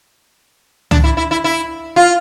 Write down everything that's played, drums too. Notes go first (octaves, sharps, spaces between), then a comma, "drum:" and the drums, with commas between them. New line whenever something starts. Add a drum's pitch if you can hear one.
D4, drum: tom
E4
E4
E4
E4
F4